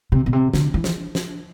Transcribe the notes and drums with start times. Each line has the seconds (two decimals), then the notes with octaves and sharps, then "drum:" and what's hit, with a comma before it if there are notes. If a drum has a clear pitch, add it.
0.12 C3
0.26 B2
0.33 C3
0.54 D3, drum: snare
0.74 E3
0.84 drum: snare
1.15 drum: snare